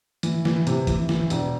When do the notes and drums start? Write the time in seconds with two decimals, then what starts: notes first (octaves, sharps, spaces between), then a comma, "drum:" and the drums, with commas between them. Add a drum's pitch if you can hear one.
0.23 E3, drum: hi-hat
0.45 E3, drum: snare
0.67 C3, drum: hi-hat
0.87 E3, drum: kick G1, hi-hat
1.09 E3, drum: snare
1.30 E1, drum: hi-hat